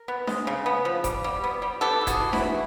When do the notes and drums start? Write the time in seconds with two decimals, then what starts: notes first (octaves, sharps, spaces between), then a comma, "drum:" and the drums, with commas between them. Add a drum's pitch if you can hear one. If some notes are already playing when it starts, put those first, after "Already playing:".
Already playing: A#4
0.08 B3
0.27 G#3, drum: snare D4
0.47 C#3
0.66 B3
0.85 F3
1.04 G3, drum: kick E1, hi-hat
1.24 G3
1.44 B3
1.62 G3
1.81 B3 G4 A4
2.01 E3
2.07 F#4 G#4, drum: kick E1, hi-hat
2.20 E3
2.33 E4 F#4, drum: snare D4
2.40 E3